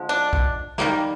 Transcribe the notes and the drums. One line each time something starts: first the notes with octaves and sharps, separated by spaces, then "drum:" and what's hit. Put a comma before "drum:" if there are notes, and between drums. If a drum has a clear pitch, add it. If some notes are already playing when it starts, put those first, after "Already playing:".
Already playing: D3 F3 G#3
D4
drum: kick
D#3 G3 A#3, drum: snare